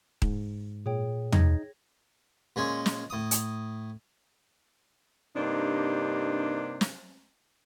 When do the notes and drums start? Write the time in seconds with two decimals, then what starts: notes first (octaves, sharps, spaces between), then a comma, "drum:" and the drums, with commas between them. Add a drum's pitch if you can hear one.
0.22 G#2, drum: kick D#1
0.86 A#2 G#4 C#5 G5
1.32 D#4 G#6 A#6, drum: tom
2.56 A#2 G#3 C#4
2.86 drum: snare
3.10 A2 D#6
3.31 drum: hi-hat
5.36 G2 C3 A#3 D4 D#4
6.81 drum: snare